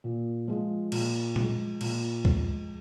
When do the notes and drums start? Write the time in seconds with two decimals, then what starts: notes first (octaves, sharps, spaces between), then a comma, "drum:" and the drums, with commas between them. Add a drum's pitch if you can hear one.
0.04 A#2
0.48 F3 G#3
0.92 A#2, drum: cymbal
1.36 F3 G#3, drum: tom A#2
1.81 A#2, drum: cymbal
2.25 F3 G#3, drum: kick